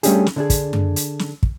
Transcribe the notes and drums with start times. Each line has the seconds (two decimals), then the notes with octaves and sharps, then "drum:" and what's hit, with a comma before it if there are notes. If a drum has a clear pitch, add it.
0.03 G3 A3 C#4 D4 G4 G#4, drum: hi-hat
0.26 drum: snare
0.36 D3 D4 G#4
0.50 drum: kick, hi-hat
0.73 drum: tom F#2
0.96 drum: hi-hat
1.19 drum: snare
1.43 drum: kick